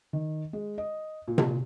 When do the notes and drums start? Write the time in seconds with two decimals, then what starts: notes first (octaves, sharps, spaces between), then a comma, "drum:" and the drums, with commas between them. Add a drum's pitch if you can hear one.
0.13 D#3
0.53 G#3
0.78 D#5
1.28 A#2
1.38 drum: tom C3